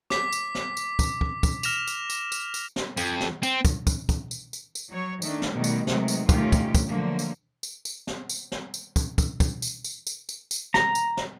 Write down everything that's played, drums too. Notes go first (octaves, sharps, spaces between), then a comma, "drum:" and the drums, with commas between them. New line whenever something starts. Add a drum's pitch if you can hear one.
D6 B6, drum: snare
drum: tambourine
drum: snare
drum: tambourine
drum: kick, tambourine
drum: kick
drum: kick, tambourine
F6 A#6 E7 F7, drum: tambourine
drum: tambourine
drum: tambourine
drum: tambourine
drum: tambourine
drum: snare
F2, drum: tambourine
drum: snare
C4, drum: tambourine
drum: kick, tambourine
drum: kick, tambourine
drum: kick, tambourine
drum: tambourine
drum: tambourine
drum: tambourine
F#3 C#5
D#3 A3 D4, drum: tambourine
drum: snare
B2 D#3 G3 A3
drum: tambourine
C3 D#3 F#3 G#3 A3 B3, drum: snare
drum: tambourine
D2 D#3 A3 C#4 F4 G4, drum: kick, tambourine
drum: kick, tambourine
drum: kick, tambourine
D3 F3 F#3 A3 A#3
drum: tambourine
drum: tambourine
drum: tambourine
drum: snare
drum: tambourine
drum: snare
drum: tambourine
drum: kick, tambourine
drum: kick, tambourine
drum: kick, tambourine
drum: tambourine
drum: tambourine
drum: tambourine
drum: tambourine
drum: tambourine
A#5, drum: snare
drum: tambourine
drum: snare